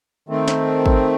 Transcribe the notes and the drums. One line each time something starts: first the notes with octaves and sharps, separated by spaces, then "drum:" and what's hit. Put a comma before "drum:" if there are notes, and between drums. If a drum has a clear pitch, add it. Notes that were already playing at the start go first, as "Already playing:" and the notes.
D#3 A3 C4
drum: snare
drum: kick